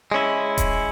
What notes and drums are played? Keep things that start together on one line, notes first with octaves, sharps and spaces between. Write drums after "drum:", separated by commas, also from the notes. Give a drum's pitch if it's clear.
G#3 C#4 E4
drum: kick D#1, hi-hat